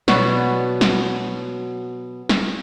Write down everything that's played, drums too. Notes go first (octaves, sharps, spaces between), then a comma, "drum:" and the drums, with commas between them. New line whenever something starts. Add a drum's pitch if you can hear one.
B2 F#3 B3 C#5 D5, drum: snare
drum: snare
drum: snare